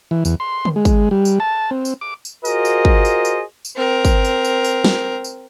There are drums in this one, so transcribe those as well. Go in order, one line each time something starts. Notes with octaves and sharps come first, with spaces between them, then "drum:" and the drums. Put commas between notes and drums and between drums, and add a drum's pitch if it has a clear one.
E3
E2, drum: tambourine
C6
drum: tom D3
G#3
drum: kick, tambourine
G3
drum: tambourine
A5
C4
drum: tambourine
D6
drum: tambourine
F4 F#4 G#4 A#4 C5 D#5, drum: tambourine
drum: tambourine
drum: kick
drum: tambourine
drum: tambourine
drum: tambourine
C4 A#4
drum: kick, tambourine
drum: tambourine
drum: tambourine
drum: tambourine
drum: snare
drum: tambourine